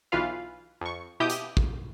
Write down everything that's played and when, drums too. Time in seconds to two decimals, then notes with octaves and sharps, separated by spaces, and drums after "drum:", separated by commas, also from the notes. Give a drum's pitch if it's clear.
0.12 B1 E3 F4 B4 F5
0.81 F2 C#6
1.20 B2 E4 G4 D#6 G6
1.30 drum: hi-hat
1.57 drum: kick